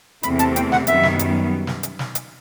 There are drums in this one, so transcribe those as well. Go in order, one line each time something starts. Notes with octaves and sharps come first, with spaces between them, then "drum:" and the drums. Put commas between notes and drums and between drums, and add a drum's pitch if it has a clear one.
E2 C3 E3 A3 C4 B5, drum: hi-hat
A5, drum: hi-hat
G5, drum: hi-hat
F#5, drum: snare
F#2 D#3 G3 B3 E5, drum: hi-hat
drum: snare
drum: hi-hat
drum: snare
drum: hi-hat
drum: snare
drum: hi-hat